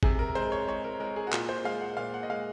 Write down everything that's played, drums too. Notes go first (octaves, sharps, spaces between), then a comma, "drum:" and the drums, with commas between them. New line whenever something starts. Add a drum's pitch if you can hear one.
C3 G#4, drum: kick
A#4
G#3 C5
C#5
G#3 C#5
A#4
G#3 A#4
G#4
F#4
A#2 F4, drum: clap
C5
G#3 F5
F#5
A#2 F5
F#5
D#5
G#3 F5